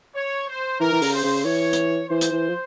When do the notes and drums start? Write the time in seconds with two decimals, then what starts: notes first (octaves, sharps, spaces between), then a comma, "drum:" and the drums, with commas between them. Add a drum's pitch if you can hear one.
0.15 C#5
0.48 C5
0.80 E3 A#4
0.92 E3
1.02 C#3, drum: open hi-hat
1.13 C5
1.24 C#3
1.45 E3 C#5
1.73 drum: hi-hat
2.09 E3 C5
2.21 drum: hi-hat
2.32 E3
2.49 F3